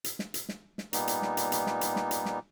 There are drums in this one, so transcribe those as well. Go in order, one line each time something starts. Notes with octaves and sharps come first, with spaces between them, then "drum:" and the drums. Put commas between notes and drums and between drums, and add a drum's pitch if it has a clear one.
drum: hi-hat
drum: snare
drum: hi-hat
drum: snare
drum: snare
A#2 G3 B3 D#4, drum: hi-hat
drum: hi-hat
drum: snare
drum: hi-hat
drum: hi-hat
drum: snare
drum: hi-hat
drum: snare
drum: hi-hat
drum: snare